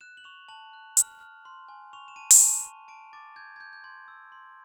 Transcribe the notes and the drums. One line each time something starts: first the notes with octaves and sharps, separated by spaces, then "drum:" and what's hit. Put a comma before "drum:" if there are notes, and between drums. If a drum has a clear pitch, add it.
F#6 E7
F#7
C#6 F7
A5 F#7
F#6
F6, drum: hi-hat
F6
C6
G#5
C#6 F7
E7
A5 D#7
drum: open hi-hat
A5
C#6
A5 D7
D6 A6
G6 G#6
G#6
G6
G6
C6 G#6
E6
C6